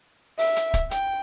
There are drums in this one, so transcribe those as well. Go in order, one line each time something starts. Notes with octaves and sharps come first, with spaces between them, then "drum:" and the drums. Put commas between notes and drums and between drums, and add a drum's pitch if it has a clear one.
E5, drum: open hi-hat
drum: hi-hat
drum: kick C#1, hi-hat
G5, drum: hi-hat